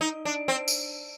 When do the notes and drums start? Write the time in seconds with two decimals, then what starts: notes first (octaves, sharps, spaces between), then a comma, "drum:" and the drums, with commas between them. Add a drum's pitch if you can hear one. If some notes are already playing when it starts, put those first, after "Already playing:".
0.01 D#4
0.25 D4
0.48 C4
0.68 drum: tambourine